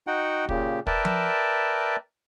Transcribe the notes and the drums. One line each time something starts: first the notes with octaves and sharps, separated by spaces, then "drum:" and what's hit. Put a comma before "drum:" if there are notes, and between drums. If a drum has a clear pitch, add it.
D#4 F#4 F#5 G5
A#2 C#3 G4, drum: kick
A#4 B4 D5 E5 G5 A5, drum: kick
drum: tom F3